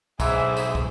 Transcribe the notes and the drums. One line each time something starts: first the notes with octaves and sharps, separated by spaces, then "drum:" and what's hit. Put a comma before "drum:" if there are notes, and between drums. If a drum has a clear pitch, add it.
B1 G#2 E3 G#4 C5 E5, drum: kick, tambourine
drum: tambourine
drum: kick